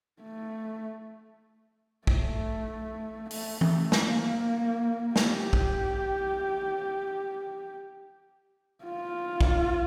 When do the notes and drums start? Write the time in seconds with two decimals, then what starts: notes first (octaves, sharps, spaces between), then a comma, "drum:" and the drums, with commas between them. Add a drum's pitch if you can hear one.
0.22 A3
2.07 A3, drum: kick
3.31 A3, drum: open hi-hat
3.61 A3, drum: tom E3
3.92 A#3, drum: snare
5.16 G4, drum: snare
5.53 drum: kick
8.85 F4
9.41 drum: kick